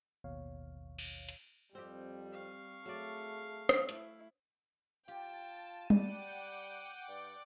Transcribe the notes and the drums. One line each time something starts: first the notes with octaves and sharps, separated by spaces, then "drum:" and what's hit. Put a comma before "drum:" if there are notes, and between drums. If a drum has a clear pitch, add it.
A1 D#2 B2 C#5 F5
drum: cymbal
drum: hi-hat
F2 G3 C4 G4
F5 C#6
F#3 A3 G#4 D5
drum: rim click
A3 E4, drum: hi-hat
F4 G4 G5 A5
G3 F#5 G5 D6 D#7, drum: tom
G2 D5